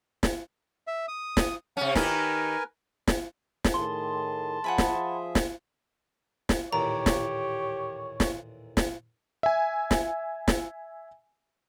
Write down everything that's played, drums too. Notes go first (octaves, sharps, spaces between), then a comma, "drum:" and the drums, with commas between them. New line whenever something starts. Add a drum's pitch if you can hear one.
drum: snare
E5
D#6
drum: snare
C3 C#4 F#5
D#3 D#4 G4 A#4 B4 G#5, drum: snare
drum: snare
drum: snare
A2 D#3 G#4 A5 C6
F3 G#4 E5 F#5 G#5 B5
drum: snare
drum: snare
drum: snare
A1 D#2 A#2 G4 C#5 A#5
drum: snare
drum: snare
drum: snare
E5 G#5
drum: snare
drum: snare